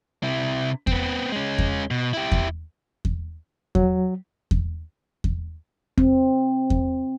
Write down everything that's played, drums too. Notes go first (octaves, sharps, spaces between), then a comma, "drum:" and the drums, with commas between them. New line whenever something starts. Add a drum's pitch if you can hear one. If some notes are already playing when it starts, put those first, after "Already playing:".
C3 E4
B3 C4, drum: kick E2
G#3 C#4
drum: kick E2
B2
E4 G4
drum: kick E2
drum: kick E2
F#3, drum: kick E2
drum: kick E2
drum: kick E2
C4, drum: kick E2
drum: kick E2